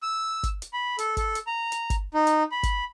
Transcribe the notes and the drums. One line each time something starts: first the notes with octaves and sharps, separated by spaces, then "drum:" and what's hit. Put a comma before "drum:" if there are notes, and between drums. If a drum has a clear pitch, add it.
E6
drum: kick G1, hi-hat
drum: hi-hat
B5
A4, drum: hi-hat
A4, drum: kick G1, hi-hat
drum: hi-hat
A#5
drum: hi-hat
drum: kick G1, hi-hat
D#4
drum: hi-hat
B5
drum: kick G1, hi-hat